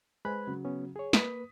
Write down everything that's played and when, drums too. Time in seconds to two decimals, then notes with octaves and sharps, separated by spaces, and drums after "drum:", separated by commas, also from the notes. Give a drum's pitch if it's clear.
0.25 G#3 B4 C5 G#5 B5 F#6
0.47 C#3 F#3
0.65 B3 C#4
0.96 G#4 C#5
1.13 A#3 B4 D#6 B6, drum: snare